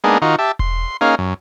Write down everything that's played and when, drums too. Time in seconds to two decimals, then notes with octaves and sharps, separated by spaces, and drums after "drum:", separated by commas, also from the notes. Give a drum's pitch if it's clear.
0.04 G#3 A#3 B3 D4 D#4 G#4
0.22 D#3 D#4 F4 F#4
0.39 G4 E5 A5
0.59 C6, drum: kick E1
1.01 A#3 C#4 D#4 G#4 F5
1.18 F#2